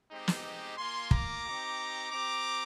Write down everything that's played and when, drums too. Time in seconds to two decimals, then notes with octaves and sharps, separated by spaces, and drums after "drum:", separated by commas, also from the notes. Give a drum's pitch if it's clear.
0.10 G#3 C4 D#4 G4
0.28 drum: snare
0.77 A#3 F4 G#5 C6
1.11 A#5 D6, drum: kick
1.45 C4 D#4 G4
2.12 C4 G4 A#5 D6